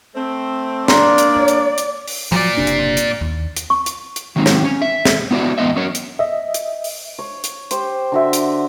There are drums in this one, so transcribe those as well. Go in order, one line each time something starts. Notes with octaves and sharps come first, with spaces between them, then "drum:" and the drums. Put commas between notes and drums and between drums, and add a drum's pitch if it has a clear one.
A3 C4
A#3 D4 D5 A#5 C6, drum: snare
drum: hi-hat
C#5
drum: hi-hat
drum: hi-hat
drum: open hi-hat
A#2 F3 F#3 D5
F#1 C3 D4
drum: hi-hat
drum: hi-hat
D#2
drum: hi-hat
C#6
drum: hi-hat
drum: hi-hat
D#3 F#3 G#3 C4 D#4
drum: snare
C#4
E5
drum: snare
B3 E4 F#4 D5 E5
E2 A2 G#3 B3 D#5 E5
F#3 C#4 A#4 C#5
drum: hi-hat
D#5 E5
drum: hi-hat
drum: open hi-hat
C#5
drum: hi-hat
G4 C5, drum: hi-hat
D3 F#4 E5
drum: hi-hat